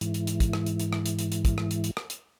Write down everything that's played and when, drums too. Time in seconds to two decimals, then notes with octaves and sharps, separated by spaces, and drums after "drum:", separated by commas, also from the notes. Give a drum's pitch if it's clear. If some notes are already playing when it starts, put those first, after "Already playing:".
0.01 G#2 E3, drum: hi-hat
0.14 drum: hi-hat
0.27 drum: hi-hat
0.40 drum: kick, hi-hat
0.53 drum: rim click
0.66 drum: hi-hat
0.80 drum: hi-hat
0.93 drum: rim click
1.06 drum: hi-hat
1.19 drum: hi-hat
1.32 drum: hi-hat
1.45 drum: kick, hi-hat
1.58 drum: rim click
1.71 drum: hi-hat
1.84 drum: hi-hat
1.97 drum: rim click
2.10 drum: hi-hat